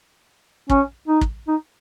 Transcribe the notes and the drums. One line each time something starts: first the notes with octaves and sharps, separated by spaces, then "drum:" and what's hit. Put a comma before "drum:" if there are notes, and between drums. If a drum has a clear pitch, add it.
C#4, drum: kick
D#4
drum: kick
D#4